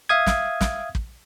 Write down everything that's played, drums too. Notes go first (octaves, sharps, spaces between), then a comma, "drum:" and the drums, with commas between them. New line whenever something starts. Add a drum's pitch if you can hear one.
E5 F5 D#6 G#6
drum: snare
drum: snare
drum: kick